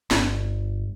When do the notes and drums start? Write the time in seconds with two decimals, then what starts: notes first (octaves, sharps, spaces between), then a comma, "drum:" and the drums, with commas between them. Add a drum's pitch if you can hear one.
0.11 G1, drum: snare